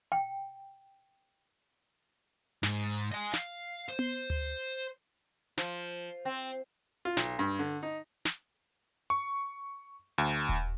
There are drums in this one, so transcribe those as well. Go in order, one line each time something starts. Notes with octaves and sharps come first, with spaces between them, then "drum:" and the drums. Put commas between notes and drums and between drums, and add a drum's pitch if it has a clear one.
G5
G#2, drum: snare
D#5 G#5
F5, drum: snare
C5
drum: tom B3
drum: tom D2
F3, drum: snare
C4
F4
B1, drum: snare
G2
D3, drum: open hi-hat
D#4
drum: snare
C#6
D2
drum: kick D#1